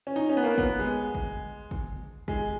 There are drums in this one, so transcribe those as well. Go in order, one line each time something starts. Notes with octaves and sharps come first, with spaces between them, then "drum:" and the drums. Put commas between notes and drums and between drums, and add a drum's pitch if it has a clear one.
C#4
D#4
C#4
B3
A#3
B3, drum: kick
G#3
drum: kick
drum: kick
G#3, drum: kick